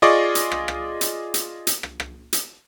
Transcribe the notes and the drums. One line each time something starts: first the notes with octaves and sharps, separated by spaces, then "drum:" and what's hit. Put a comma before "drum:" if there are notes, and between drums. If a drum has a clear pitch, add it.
F4 G#4 D5 D#5 C#6 D6
drum: hi-hat
drum: rim click
drum: rim click
drum: hi-hat
drum: hi-hat
drum: hi-hat
drum: rim click
drum: rim click
drum: hi-hat